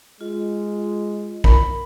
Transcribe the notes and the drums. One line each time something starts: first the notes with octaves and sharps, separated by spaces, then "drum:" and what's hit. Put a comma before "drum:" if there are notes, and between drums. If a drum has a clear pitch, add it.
G#3 F4
A#4 B5, drum: kick